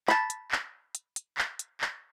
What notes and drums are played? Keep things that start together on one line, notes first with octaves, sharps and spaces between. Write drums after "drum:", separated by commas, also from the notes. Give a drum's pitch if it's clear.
A5 B5, drum: clap
drum: hi-hat
drum: clap
drum: hi-hat
drum: hi-hat
drum: clap
drum: hi-hat
drum: clap